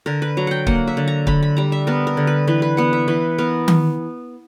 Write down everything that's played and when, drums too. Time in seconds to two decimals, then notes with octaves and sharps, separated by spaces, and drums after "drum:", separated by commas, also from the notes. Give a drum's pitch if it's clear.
0.06 D3 A#4
0.22 B4
0.37 F#3 A#5
0.47 F#5 G5
0.67 A#3 F#5, drum: kick
0.87 E5
0.97 D3
1.08 A#5
1.27 D3 B5, drum: kick
1.43 B5
1.57 G3 A#5
1.72 E5
1.87 B3 A#4
2.07 A#4
2.17 D3
2.27 B4
2.47 E3 B4
2.62 B4
2.77 B3 F#5
2.93 E5
3.08 E3 B4
3.38 B3 A#4
3.68 drum: tom D#3